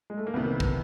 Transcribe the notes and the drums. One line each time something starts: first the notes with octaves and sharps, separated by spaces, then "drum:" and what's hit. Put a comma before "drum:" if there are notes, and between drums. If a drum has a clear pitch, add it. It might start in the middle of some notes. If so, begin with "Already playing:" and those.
G#3
A3
A#3
C2 C3 D#3 B3
drum: kick